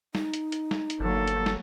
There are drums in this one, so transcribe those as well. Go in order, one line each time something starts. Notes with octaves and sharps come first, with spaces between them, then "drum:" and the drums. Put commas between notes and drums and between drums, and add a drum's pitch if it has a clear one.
D#4, drum: snare
drum: hi-hat
drum: hi-hat
drum: snare
drum: hi-hat
G1 F#3 A#3 A4
drum: hi-hat
drum: snare